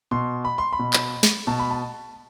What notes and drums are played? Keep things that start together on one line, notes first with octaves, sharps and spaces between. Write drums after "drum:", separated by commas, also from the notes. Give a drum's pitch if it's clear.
B2 C6
B5
C6
B5
B2
drum: clap
drum: snare
B2 A5
B5
A5